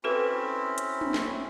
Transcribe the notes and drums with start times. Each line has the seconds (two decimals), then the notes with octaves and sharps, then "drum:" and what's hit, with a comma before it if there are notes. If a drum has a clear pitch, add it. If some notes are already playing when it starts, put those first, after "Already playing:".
0.04 C4 C#4 E4 F#4 A4 B4
0.78 drum: hi-hat
1.01 drum: tom
1.14 drum: snare